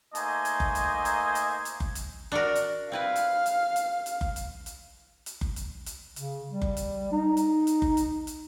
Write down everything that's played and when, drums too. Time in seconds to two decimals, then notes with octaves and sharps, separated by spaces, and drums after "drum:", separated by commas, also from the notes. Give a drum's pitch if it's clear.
0.15 A3 A#3 D#4 C5 D#5 G#5, drum: hi-hat
0.45 drum: hi-hat
0.60 drum: kick F#1
0.75 drum: hi-hat
1.05 drum: hi-hat
1.35 drum: hi-hat
1.65 drum: hi-hat
1.80 drum: kick F#1
1.95 drum: hi-hat
2.32 D4 F#4 A#4
2.55 drum: hi-hat
2.92 C4 E4 B4 F5
3.16 drum: hi-hat
3.46 drum: hi-hat
3.76 drum: hi-hat
4.06 drum: hi-hat
4.21 drum: kick F#1
4.36 drum: hi-hat
4.66 drum: hi-hat
5.26 drum: hi-hat
5.41 drum: kick F#1
5.56 drum: hi-hat
5.86 drum: hi-hat
6.16 C#3, drum: hi-hat
6.51 G3
6.62 drum: kick F#1
6.77 drum: hi-hat
7.12 D#4
7.37 drum: hi-hat
7.67 drum: hi-hat
7.82 drum: kick F#1
7.97 drum: hi-hat
8.27 drum: hi-hat